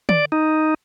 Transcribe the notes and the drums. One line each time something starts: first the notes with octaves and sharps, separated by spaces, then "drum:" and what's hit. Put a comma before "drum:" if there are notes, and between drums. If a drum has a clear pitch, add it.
D5, drum: tom
D#4